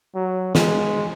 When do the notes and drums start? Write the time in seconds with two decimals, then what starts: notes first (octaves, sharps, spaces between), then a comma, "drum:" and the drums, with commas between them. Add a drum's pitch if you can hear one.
0.15 F#3
0.55 G#3, drum: snare